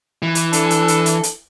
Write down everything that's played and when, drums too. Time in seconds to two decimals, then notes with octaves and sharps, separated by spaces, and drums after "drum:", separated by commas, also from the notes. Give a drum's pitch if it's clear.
0.22 E3
0.35 drum: hi-hat
0.53 D4 A4, drum: hi-hat
0.70 drum: hi-hat
0.88 drum: hi-hat
1.06 drum: hi-hat
1.23 drum: hi-hat